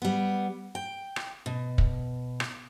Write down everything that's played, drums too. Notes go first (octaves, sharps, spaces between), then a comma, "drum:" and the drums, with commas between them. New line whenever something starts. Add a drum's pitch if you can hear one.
G3 B3
G5
drum: rim click
B2
drum: kick
drum: rim click